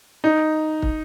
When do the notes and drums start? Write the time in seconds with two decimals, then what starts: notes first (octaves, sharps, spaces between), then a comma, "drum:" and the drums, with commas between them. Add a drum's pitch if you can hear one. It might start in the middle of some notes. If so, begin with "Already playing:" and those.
0.24 D#4
0.82 drum: kick